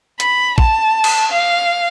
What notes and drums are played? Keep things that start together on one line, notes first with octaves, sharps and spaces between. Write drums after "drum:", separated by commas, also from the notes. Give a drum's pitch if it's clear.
B5, drum: hi-hat
A5, drum: kick
drum: cymbal
F5